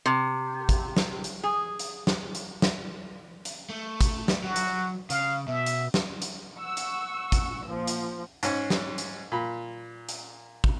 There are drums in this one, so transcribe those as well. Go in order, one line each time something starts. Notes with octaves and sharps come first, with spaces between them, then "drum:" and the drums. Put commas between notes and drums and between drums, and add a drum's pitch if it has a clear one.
C3
drum: kick, hi-hat
drum: snare
drum: hi-hat
G#4
drum: hi-hat
drum: snare
drum: hi-hat
drum: snare
drum: hi-hat
A3
drum: kick, hi-hat
drum: snare
F#3 F#4
drum: hi-hat
C#3 F5, drum: hi-hat
B2 E5
drum: hi-hat
drum: snare
drum: hi-hat
F#5 C#6 E6
drum: hi-hat
drum: kick, hi-hat
A#2 F3
drum: hi-hat
G#2 C#4, drum: hi-hat
drum: snare
drum: hi-hat
A#2 B5
drum: hi-hat
drum: kick